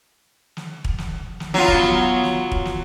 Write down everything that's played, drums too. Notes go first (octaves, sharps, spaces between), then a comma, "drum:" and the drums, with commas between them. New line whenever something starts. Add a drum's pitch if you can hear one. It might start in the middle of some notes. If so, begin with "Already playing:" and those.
drum: snare
drum: kick
drum: snare
drum: snare
F#3 B3 F4
drum: kick
drum: snare
drum: snare
drum: kick
drum: snare